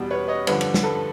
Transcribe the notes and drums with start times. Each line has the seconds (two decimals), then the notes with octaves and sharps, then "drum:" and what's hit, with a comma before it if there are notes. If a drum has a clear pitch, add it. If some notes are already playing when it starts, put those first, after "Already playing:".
Already playing: E2 B2 G3
0.10 B4 C#5
0.28 C#5 D#5
0.47 G2 D3 F3 B4 C#5, drum: cymbal
0.61 drum: cymbal
0.74 drum: snare
0.84 A4 B4